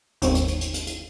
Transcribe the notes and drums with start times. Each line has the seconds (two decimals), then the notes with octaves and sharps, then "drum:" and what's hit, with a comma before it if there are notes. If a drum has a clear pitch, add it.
0.22 G1 D#2 A2 C4 C#5, drum: hi-hat
0.35 drum: hi-hat
0.48 drum: hi-hat
0.61 drum: hi-hat
0.74 drum: hi-hat
0.87 drum: hi-hat